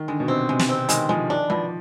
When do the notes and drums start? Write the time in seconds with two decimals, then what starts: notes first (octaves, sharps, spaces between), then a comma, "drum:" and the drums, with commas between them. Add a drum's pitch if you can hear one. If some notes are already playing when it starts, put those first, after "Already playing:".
Already playing: D#3
0.08 D3 G#3
0.20 B2
0.28 C3 C4
0.49 C3 G#3
0.59 drum: snare
0.69 C4
0.89 D#3 G#3, drum: hi-hat
1.09 F3 G#3
1.30 D#3 D4
1.50 B2 F3